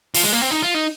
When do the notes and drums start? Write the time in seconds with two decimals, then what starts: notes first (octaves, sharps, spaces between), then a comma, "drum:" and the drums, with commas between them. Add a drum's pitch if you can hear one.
0.14 F3, drum: open hi-hat
0.23 G#3
0.32 A#3
0.41 C4
0.51 D#4
0.62 F4
0.74 D#4